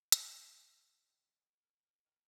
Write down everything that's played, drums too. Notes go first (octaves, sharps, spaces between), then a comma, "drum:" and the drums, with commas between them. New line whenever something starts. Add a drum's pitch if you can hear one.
D#3 F#4, drum: hi-hat
G#3
D#3
D#3
D#3 G#4
A#4
A#3
A#4
D#3 A#4